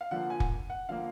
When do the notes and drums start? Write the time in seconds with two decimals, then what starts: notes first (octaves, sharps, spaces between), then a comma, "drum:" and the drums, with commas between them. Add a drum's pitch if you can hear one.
0.01 F5
0.11 D3 F3 A#3 F#5
0.30 G#5
0.40 drum: kick
0.70 F#5
0.89 D3 F3 A#3 F5